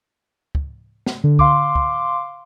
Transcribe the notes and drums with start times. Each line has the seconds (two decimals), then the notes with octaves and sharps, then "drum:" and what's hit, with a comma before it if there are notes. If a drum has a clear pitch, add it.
0.55 drum: kick
1.06 drum: snare
1.24 D3
1.39 F5 C6 D6, drum: kick
1.75 drum: kick